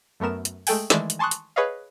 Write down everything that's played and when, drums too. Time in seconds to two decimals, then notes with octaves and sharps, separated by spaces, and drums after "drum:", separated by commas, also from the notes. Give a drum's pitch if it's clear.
0.20 F#2 A3 B3 A#4 E7
0.45 drum: hi-hat
0.67 G#3 A3 A4 G5 G#5, drum: open hi-hat
0.90 D#3 E3 G#3 A3 D5, drum: snare
1.10 drum: hi-hat
1.19 G#5 A5 C6 C#6 D#6 F#6
1.31 drum: hi-hat
1.56 G#4 B4 C#5 D#5 F5